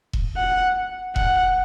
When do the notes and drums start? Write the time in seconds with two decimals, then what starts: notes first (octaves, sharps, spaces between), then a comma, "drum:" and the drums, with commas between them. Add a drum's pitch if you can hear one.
0.13 drum: kick E1
0.37 F#5
1.16 F#5, drum: kick E1